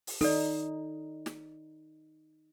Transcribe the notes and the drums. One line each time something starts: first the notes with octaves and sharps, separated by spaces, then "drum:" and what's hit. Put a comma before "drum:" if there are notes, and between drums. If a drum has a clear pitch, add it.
drum: open hi-hat
D#4 A4 D5, drum: open hi-hat
drum: snare